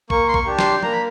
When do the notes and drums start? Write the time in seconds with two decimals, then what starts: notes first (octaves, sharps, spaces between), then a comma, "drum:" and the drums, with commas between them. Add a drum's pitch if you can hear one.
0.10 A#3 C#6, drum: kick
0.28 C6
0.34 C#6, drum: kick
0.46 D4 G4
0.59 C6, drum: snare
0.83 A#3 A#5, drum: tom F3
0.92 B5